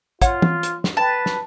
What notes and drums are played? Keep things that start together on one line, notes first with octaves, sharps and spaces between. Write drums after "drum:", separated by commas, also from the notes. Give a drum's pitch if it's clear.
F4 C#5 F#5, drum: kick, hi-hat
drum: tom
drum: hi-hat
drum: snare
B4 A5
drum: snare